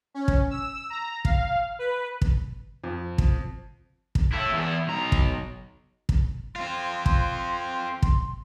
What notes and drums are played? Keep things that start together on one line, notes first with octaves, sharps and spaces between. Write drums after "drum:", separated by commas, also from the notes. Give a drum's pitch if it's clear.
C#4
drum: kick
E6
A#5
F5, drum: kick
B4
drum: kick
F2
drum: kick
drum: kick
E4 A4
E2 E4
B1 A#5
drum: kick
drum: kick
C4 F4 C6
drum: kick
drum: kick